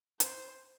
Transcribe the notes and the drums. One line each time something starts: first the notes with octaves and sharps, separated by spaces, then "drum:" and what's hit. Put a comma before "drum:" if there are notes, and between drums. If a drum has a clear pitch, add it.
C5, drum: hi-hat